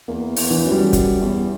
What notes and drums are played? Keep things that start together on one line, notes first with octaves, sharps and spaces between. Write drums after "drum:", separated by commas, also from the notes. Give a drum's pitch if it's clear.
E2 A#3
E2, drum: open hi-hat
E3
F#2
G3
F#2, drum: kick, hi-hat
E2